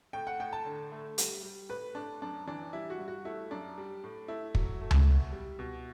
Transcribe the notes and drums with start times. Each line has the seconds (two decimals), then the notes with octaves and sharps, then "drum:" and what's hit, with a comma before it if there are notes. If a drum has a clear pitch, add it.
0.13 A2 G5
0.27 F#5
0.40 A2 G5
0.53 A5
0.65 D3
0.92 A3
1.18 G3, drum: hi-hat
1.43 G3
1.69 A2 B4
1.95 A2 D4
2.22 F#2 D4
2.47 E3 D4
2.73 G3 E4
2.90 F#4
2.99 G2
3.08 F#4
3.25 A3 E4
3.51 F#2 D4
3.78 G3
4.04 A2
4.28 A3 E4
4.55 F#3, drum: kick
4.81 A3
4.91 drum: tom C#2
5.06 B2
5.32 G3
5.59 B2